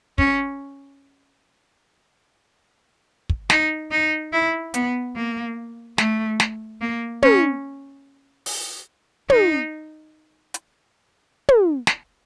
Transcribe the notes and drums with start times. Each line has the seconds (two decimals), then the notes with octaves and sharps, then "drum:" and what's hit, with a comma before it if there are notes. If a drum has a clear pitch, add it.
0.18 C#4, drum: kick
3.29 drum: kick
3.50 D#4, drum: snare
3.91 D#4
4.32 E4
4.74 B3, drum: hi-hat
5.15 A#3
5.98 A3, drum: snare
6.40 drum: snare
6.81 A#3
7.22 C#4, drum: tom
8.46 drum: open hi-hat
9.30 D#4, drum: tom
10.54 drum: hi-hat
11.49 drum: tom
11.87 drum: snare